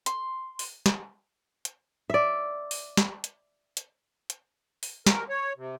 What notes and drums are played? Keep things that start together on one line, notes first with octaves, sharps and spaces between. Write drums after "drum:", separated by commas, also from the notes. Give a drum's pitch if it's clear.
C6, drum: hi-hat
drum: open hi-hat
drum: snare
drum: hi-hat
D5 E5
drum: open hi-hat
drum: snare
drum: hi-hat
drum: hi-hat
drum: hi-hat
drum: open hi-hat
A#4, drum: snare
C#5
C3